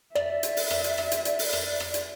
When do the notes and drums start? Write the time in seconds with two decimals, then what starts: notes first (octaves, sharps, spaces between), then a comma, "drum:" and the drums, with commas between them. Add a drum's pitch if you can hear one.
0.15 D5 E5, drum: rim click
0.43 drum: hi-hat
0.57 drum: open hi-hat
0.70 drum: rim click
0.84 drum: hi-hat
0.98 drum: rim click
1.12 drum: hi-hat
1.25 drum: hi-hat
1.39 drum: open hi-hat
1.53 drum: rim click
1.80 drum: rim click
1.94 drum: hi-hat